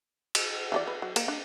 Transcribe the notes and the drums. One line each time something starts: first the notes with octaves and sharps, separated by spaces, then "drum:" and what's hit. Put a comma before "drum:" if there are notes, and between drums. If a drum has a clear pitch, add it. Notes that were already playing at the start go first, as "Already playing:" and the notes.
drum: cymbal
E3 A4 D5
B4
F#3
A#3 A#4 A#5, drum: cymbal
D4